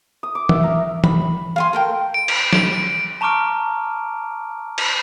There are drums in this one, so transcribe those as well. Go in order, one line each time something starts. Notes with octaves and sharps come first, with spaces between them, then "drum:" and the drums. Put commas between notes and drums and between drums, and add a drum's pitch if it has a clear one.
D#6
D6
E5, drum: tom E3
A#4
B5, drum: tom E3
F5 G#5 C6
A4 A#4 G5
D7
drum: cymbal
D7, drum: snare
A5 A#5 C#6 D6 F6 D7
drum: cymbal